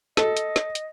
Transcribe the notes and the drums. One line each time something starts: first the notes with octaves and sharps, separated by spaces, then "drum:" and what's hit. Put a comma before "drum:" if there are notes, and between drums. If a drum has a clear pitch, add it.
A4 D#5, drum: snare
drum: hi-hat
drum: snare
drum: hi-hat